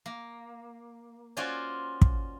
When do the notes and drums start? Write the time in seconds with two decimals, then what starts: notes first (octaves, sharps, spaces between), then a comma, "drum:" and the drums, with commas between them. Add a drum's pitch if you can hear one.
0.06 A#3
1.37 C#4 F4 F#4 C5 D5 G#5
2.01 drum: kick